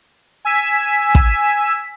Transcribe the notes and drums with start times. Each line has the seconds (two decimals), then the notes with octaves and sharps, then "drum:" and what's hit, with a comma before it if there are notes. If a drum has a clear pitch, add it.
0.45 G#5 E6 B6
1.15 drum: kick